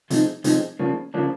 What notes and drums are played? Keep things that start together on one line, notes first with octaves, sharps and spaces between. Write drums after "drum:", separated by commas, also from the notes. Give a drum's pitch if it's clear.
C3 F3 G#3 C4 D#4, drum: hi-hat
C3 F3 G#3 C4 D#4, drum: hi-hat
C#3 F3 A#3 D4
C#3 F3 A#3 D4